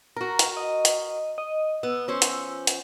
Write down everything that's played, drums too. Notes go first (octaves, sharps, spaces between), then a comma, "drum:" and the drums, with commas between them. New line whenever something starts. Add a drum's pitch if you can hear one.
F#4 A#4 A#5
drum: hi-hat
D#5
drum: hi-hat
D#5
B3 E6
F3 C#4 C5
drum: hi-hat
drum: hi-hat